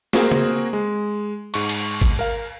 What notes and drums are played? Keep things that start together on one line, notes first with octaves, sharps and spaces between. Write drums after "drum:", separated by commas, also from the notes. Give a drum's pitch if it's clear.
A#3 C4 F#4 G#4 A#4, drum: snare
drum: tom
G#3
G#2 C#6, drum: cymbal
drum: cymbal
drum: kick G#1
A#4 F5